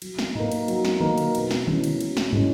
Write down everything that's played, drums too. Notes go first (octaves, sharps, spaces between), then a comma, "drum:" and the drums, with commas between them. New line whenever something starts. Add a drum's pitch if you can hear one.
F#3, drum: cymbal
drum: snare
A#3 D#4, drum: tom G#2
drum: cymbal
F#3, drum: cymbal
drum: snare
A#3 D#4, drum: tom D3
drum: cymbal
B2, drum: cymbal
drum: snare
G#3 C#4 E4, drum: tom D3
drum: cymbal
B2, drum: cymbal
drum: snare
G#3 C#4 E4, drum: tom